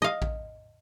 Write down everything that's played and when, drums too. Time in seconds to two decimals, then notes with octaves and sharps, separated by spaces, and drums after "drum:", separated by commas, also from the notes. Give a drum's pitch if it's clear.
0.02 D#5 F5
0.22 drum: kick A#1